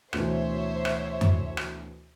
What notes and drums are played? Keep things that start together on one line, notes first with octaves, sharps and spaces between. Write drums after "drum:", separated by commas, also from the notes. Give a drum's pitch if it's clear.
D2 B2 E3 C5 C#5 E5, drum: rim click
drum: rim click
drum: tom F2
drum: rim click